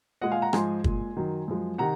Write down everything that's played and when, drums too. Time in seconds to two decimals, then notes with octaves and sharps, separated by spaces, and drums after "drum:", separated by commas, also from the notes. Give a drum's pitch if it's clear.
0.21 A#2 G#3 D#5 F#5
0.32 F5 G#5
0.42 F#5 A#5
0.53 G#2 F3 G#3 G#5 C6, drum: rim click
0.84 A#2 G#3, drum: kick
1.17 F#2 D#3 F#3
1.48 F#2 F3 G#3
1.78 C3 D#3 F#5 A#5